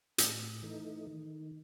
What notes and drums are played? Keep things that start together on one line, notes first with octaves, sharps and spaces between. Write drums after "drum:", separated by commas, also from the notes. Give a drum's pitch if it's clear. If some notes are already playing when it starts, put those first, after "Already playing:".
A2, drum: hi-hat
E3 A3 D#4
D#3